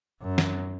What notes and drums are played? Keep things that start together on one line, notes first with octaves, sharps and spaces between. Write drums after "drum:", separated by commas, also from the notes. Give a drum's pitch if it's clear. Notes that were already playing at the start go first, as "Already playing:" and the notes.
F#2
drum: snare